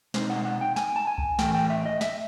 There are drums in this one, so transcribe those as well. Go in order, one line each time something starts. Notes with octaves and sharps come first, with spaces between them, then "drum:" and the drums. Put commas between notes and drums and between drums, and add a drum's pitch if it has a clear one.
B2 G#3 C4 D#4 C5, drum: snare
F#5
F#5
G5
G#5, drum: snare
A5
G#5
drum: kick C2
A2 E3 A3 G5, drum: snare
G5
E5
D#5
E5, drum: snare